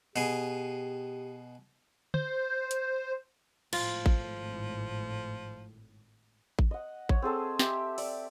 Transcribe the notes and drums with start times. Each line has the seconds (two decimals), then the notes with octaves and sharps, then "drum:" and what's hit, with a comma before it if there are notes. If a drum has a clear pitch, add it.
0.16 B2 G4 G#4, drum: open hi-hat
2.14 C5, drum: tom
2.71 drum: hi-hat
3.73 G#1 A2 F3 F4, drum: cymbal
4.06 drum: kick A1
6.59 drum: kick A1
6.71 D#5 F#5
7.09 C#5, drum: kick A1
7.22 C4 G#4 A4 C5
7.59 G4 E5, drum: snare
7.98 D5, drum: open hi-hat